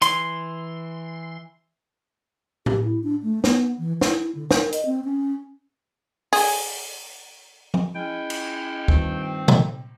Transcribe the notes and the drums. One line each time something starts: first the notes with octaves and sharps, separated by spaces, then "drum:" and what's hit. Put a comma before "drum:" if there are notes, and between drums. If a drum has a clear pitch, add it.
E3 C6, drum: hi-hat
G4, drum: tom A2
E4
D4
A3
B3, drum: snare
E3
E4, drum: snare
D3
A#4, drum: snare
D#5, drum: hi-hat
C4
C#4
G#4, drum: open hi-hat
drum: tom F3
G#3 C#4 E4 G5
drum: cymbal
G2 D#3 F3 C4, drum: kick
drum: tom A#2